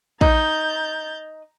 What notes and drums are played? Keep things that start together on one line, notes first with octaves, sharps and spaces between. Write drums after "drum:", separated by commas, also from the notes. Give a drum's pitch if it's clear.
D#4 A#5 G6 A6, drum: kick